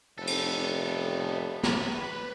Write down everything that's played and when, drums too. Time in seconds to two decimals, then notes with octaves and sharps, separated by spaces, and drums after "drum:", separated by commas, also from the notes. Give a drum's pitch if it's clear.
0.18 F1 B3 A4
0.27 drum: cymbal
1.63 B4, drum: snare